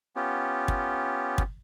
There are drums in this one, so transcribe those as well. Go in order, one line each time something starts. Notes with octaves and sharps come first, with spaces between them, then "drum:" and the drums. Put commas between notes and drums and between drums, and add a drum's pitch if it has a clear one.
B3 C#4 F4 G4
drum: kick
drum: kick